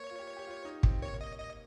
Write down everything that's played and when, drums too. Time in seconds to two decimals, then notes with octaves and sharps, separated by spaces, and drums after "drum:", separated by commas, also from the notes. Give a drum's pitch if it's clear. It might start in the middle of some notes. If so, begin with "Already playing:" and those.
Already playing: A#3 C#5
0.11 F4
0.19 G4
0.37 G4
0.47 F4
0.65 D#4
0.83 C4, drum: kick
1.01 A#3 C#5
1.21 D#5
1.38 D#5